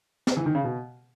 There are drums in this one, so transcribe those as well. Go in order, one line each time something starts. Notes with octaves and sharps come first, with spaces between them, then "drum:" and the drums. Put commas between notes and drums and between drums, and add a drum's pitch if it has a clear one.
drum: snare
E3
D#3
C#3
B2